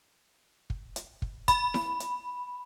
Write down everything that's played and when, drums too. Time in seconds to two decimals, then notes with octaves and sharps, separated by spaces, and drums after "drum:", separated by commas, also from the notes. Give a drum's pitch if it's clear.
0.70 drum: kick
0.96 drum: hi-hat
1.22 drum: kick
1.48 B5, drum: kick, hi-hat
1.74 drum: snare E4
2.00 drum: hi-hat